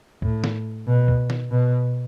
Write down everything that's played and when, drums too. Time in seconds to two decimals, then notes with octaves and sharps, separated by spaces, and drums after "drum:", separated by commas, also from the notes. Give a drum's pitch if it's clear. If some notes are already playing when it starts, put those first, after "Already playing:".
0.22 A2, drum: kick
0.44 drum: snare
0.87 B2
1.08 drum: kick
1.30 drum: snare
1.51 B2